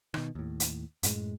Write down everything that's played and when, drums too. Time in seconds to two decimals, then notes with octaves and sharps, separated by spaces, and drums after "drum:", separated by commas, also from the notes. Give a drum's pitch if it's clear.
0.14 B2 D#3, drum: rim click
0.35 D#2 A2
0.60 drum: hi-hat
1.03 F#2 A2 G#3, drum: hi-hat